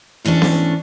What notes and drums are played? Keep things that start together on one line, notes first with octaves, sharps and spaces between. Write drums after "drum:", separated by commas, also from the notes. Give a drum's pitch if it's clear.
G#2 E3 A3 C#4 D4
drum: snare B3